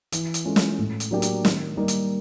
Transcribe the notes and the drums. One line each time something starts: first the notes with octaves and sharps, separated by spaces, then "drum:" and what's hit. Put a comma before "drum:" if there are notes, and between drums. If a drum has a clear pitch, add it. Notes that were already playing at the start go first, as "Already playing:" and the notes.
E3, drum: hi-hat
drum: hi-hat
G#3 C#4 F4 A4
drum: snare
A2
drum: hi-hat
F#3 A#3 D4 G4
drum: hi-hat
D#3, drum: snare
G3 A#3 D#4
drum: hi-hat